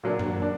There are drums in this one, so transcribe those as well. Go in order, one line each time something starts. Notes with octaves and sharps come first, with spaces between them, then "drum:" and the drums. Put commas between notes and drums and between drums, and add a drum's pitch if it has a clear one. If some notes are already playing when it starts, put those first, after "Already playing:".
A#2 F#3 A#3 D4
drum: tom
D4